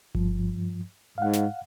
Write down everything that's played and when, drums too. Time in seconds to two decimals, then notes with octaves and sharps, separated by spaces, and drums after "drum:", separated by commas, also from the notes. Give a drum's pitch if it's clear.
0.15 G2 F3, drum: kick G1
1.18 G#2 F5 F#5
1.33 drum: snare